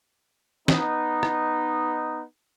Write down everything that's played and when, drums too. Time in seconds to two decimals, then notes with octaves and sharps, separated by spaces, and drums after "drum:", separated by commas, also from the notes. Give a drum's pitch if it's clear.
0.68 B3 D#4, drum: snare
1.23 drum: rim click